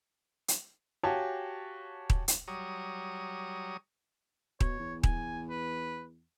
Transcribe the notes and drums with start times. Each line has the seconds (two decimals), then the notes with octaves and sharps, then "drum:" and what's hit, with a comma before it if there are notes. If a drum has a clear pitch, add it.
0.48 drum: hi-hat
1.03 F#4 G4 C#5 F5 G#5 A5
2.10 drum: kick D#1
2.28 drum: hi-hat
2.48 F#3 G3 C#5 A#5 D#6
4.60 B2 C#5, drum: kick D#1
4.80 E2
5.03 G#5, drum: kick D#1
5.50 B4